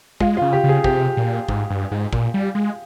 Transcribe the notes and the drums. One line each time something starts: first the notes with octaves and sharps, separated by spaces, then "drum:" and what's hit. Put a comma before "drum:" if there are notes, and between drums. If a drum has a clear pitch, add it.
G#3 F4, drum: kick
F4
C#3
G4
C#3
G#4
C3 G4, drum: kick
A#2
G#2, drum: kick
G2
G#2
A#2, drum: kick
G3
G#3